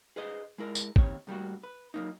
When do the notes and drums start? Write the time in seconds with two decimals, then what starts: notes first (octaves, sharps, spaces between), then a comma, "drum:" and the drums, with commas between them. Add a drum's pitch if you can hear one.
0.16 G#4 B4 C5 D#5
0.58 G#3 E4 A#4
0.75 drum: tambourine
0.96 D#2 C4 C#5, drum: kick G#1
1.27 A2 G3 A#3 F#4
1.63 B4
1.94 F#3 A#3 D#4